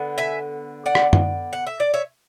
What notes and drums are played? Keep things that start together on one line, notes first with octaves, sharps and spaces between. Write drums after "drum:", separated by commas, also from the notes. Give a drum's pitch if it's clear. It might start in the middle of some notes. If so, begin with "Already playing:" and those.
Already playing: D3 B3
E5 G#5
D5 F#5
drum: rim click
drum: tom F#2
F#5
E5
D5
C#5 E5